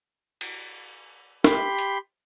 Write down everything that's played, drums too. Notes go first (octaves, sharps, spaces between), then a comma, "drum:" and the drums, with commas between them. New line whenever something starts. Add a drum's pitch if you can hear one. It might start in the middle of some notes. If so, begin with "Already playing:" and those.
drum: cymbal
G4 B5 C6, drum: snare
drum: hi-hat